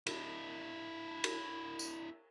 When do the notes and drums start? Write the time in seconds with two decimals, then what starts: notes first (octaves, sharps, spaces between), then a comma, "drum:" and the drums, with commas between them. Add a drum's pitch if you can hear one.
0.07 D4 E4, drum: cymbal
1.24 drum: cymbal
1.79 drum: tambourine